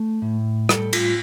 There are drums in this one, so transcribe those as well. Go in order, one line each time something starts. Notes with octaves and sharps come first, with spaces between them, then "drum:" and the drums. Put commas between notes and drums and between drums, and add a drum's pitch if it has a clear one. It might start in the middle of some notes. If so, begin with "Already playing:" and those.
Already playing: A3
A2
G3 A4, drum: rim click
F4, drum: cymbal